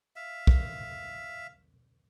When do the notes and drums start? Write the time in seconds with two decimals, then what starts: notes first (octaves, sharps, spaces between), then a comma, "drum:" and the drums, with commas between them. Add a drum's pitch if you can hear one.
0.16 E5 F5
0.47 drum: kick